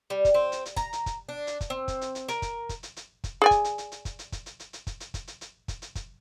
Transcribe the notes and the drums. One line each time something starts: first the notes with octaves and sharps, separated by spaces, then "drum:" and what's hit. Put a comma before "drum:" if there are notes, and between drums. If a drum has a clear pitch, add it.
G3
drum: kick, hi-hat
C4
drum: hi-hat
drum: hi-hat
A#5, drum: kick, hi-hat
drum: hi-hat
drum: kick, hi-hat
D4
drum: hi-hat
drum: kick, hi-hat
C4
drum: kick, hi-hat
drum: hi-hat
drum: hi-hat
A#4, drum: hi-hat
drum: kick, hi-hat
drum: kick, hi-hat
drum: hi-hat
drum: hi-hat
drum: kick, hi-hat
G#4 D5 G#5
drum: kick, hi-hat
drum: hi-hat
drum: hi-hat
drum: hi-hat
drum: kick, hi-hat
drum: hi-hat
drum: kick, hi-hat
drum: hi-hat
drum: hi-hat
drum: hi-hat
drum: kick, hi-hat
drum: hi-hat
drum: kick, hi-hat
drum: hi-hat
drum: hi-hat
drum: kick, hi-hat
drum: hi-hat
drum: kick, hi-hat